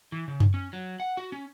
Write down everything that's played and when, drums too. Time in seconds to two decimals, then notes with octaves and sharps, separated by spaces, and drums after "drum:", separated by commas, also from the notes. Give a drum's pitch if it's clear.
0.12 E3
0.28 C#3
0.40 drum: tom F#2
0.54 C#4
0.73 F#3
1.00 F#5
1.17 F#4
1.32 C#4